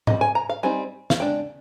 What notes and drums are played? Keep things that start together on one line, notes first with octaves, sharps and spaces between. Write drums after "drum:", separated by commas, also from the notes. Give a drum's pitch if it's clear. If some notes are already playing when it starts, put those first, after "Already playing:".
G3 C4 D#4 D#5, drum: tom G#2
G#5
A#5
F5
G3 C4 D#4 G#5
F5, drum: snare
G#3 D4 G5